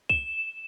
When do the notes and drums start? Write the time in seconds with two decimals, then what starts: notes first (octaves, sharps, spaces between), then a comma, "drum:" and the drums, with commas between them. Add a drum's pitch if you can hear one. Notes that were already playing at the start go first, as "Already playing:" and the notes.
0.09 E7, drum: kick